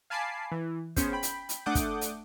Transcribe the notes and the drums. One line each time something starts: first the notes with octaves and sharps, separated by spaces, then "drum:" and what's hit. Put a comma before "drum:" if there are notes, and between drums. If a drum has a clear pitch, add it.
F5 G#5 A5 B5 D6 C7
E3
B3 C#4 G#4 C5, drum: kick, hi-hat
G5 B5
drum: hi-hat
drum: hi-hat
A3 D4 F#5 D6 D#6 G6
drum: kick, hi-hat
drum: hi-hat